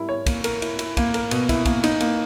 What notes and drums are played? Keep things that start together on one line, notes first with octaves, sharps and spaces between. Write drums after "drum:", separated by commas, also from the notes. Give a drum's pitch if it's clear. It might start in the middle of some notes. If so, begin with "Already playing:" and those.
Already playing: G3 E4 A#4
C#5
A#3, drum: kick, cymbal
A#4, drum: cymbal
E4, drum: cymbal
E4, drum: cymbal
A#3, drum: kick, cymbal
A#4, drum: cymbal
B2, drum: cymbal
E4, drum: kick, cymbal
A#3, drum: kick, cymbal
D#4, drum: cymbal
A#3, drum: cymbal